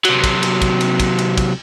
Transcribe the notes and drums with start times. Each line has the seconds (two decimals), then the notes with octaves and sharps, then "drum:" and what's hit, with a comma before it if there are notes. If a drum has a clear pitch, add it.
0.05 C3 F#3, drum: cymbal
0.24 drum: kick, cymbal
0.43 drum: cymbal
0.62 drum: kick, cymbal
0.81 drum: cymbal
1.00 drum: kick, cymbal
1.19 drum: cymbal
1.38 drum: kick, cymbal